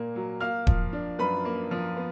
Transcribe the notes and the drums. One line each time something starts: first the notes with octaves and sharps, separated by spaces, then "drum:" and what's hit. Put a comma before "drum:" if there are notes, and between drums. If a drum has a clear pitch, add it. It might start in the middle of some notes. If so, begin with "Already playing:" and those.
Already playing: A#2 A#3
F#3
A#3 F5 F6
F3, drum: kick D#1
D4
F#2 B4 B5
A#3
F3
B3